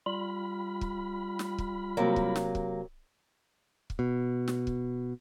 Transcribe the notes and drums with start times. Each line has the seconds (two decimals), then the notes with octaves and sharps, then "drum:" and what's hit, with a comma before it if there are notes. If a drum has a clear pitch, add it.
0.06 G3 F4 B5
0.81 drum: kick
1.39 drum: snare
1.58 drum: kick
1.97 C3 F#3 A#3
2.16 drum: kick
2.36 drum: snare
2.55 drum: kick
3.90 drum: kick
3.99 B2
4.48 drum: snare
4.67 drum: kick